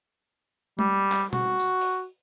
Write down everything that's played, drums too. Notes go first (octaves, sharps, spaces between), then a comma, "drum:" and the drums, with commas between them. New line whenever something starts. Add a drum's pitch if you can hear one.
G3, drum: tom G#3
drum: clap
F#4, drum: tom
drum: tambourine
drum: open hi-hat